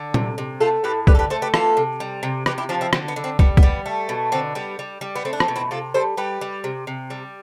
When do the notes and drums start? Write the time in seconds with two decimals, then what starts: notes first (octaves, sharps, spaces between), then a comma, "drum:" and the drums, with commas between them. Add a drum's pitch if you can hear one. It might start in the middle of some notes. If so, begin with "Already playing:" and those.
Already playing: D3
0.14 C3, drum: tom A#2
0.38 C3
0.61 A3 F4 A4
0.84 A2 G4 B4
1.07 D3 G4 B4, drum: kick
1.15 A4
1.19 G4 B4
1.30 A3 A4 C5
1.42 G4 B4
1.54 E3 F4 A4, drum: rim click
1.77 C3
2.00 G3
2.23 C3
2.46 C3 G4 B4, drum: rim click
2.58 E4 G4
2.69 F3 D4 F4
2.81 C4 E4
2.93 D3 C4, drum: rim click
3.08 B3
3.16 D3
3.24 C4
3.39 G3 B3, drum: kick
3.57 B3, drum: kick
3.63 G3
3.86 A3
4.09 B2
4.32 D3 C4
4.55 G3 B3
4.79 G3
5.01 G3
5.16 B3
5.25 A3 C4
5.33 D4
5.40 C4, drum: rim click
5.48 B2
5.56 C4 E4
5.71 C3 F4 A4
5.94 G3 A4 C5
6.17 G3 G4 B4
6.41 G3
6.64 C3
6.87 C3
7.10 G3